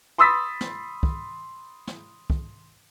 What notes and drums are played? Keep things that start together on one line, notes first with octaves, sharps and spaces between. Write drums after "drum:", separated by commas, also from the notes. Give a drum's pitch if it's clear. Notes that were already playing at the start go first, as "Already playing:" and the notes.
B5 C6 D#6 E6 A6 B6
drum: snare
drum: kick
drum: snare
drum: kick